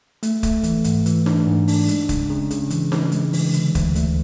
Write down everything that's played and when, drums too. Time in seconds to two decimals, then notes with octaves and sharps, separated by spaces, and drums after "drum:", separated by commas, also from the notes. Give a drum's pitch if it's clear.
0.23 A3, drum: hi-hat
0.43 A3, drum: kick, hi-hat
0.64 E3, drum: hi-hat
0.84 G#2, drum: hi-hat
1.06 E3, drum: hi-hat
1.26 D4, drum: snare D#4
1.47 G#2
1.68 D4, drum: open hi-hat
1.88 G#3, drum: hi-hat
2.09 C#3, drum: kick, hi-hat
2.30 C#3
2.51 C#3, drum: hi-hat
2.70 E3, drum: hi-hat
2.92 C#3, drum: snare D#4
3.12 G#3, drum: hi-hat
3.33 E3, drum: open hi-hat
3.53 D3, drum: hi-hat
3.75 D2, drum: kick, hi-hat
3.96 D2, drum: hi-hat